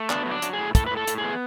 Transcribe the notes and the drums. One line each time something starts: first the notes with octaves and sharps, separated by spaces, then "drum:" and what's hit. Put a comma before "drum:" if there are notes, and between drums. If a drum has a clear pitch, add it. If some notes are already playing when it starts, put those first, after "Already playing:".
Already playing: A3
B3 D4, drum: clap
F#3
D4
F#3, drum: hi-hat
G#4
A2
A2 A4, drum: kick, hi-hat
A2 B4
A4
A2, drum: hi-hat
G#4
B3